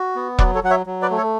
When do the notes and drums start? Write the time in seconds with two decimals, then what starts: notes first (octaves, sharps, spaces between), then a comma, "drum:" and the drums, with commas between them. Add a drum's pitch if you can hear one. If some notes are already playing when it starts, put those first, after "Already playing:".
Already playing: F#4
0.16 B3
0.39 F#3 B4 D5, drum: kick E1
0.55 A4 C#5
0.63 F#3 F#5
0.70 C#5 E5
0.86 F#3
1.02 B4 D5
1.10 A3
1.17 A4 C#5